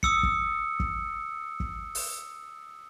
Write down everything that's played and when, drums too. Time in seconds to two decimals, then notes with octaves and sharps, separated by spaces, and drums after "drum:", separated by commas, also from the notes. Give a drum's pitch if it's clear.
0.03 D#6 E6 C#7, drum: kick
0.23 drum: kick
0.80 drum: kick
1.60 drum: kick
1.95 drum: open hi-hat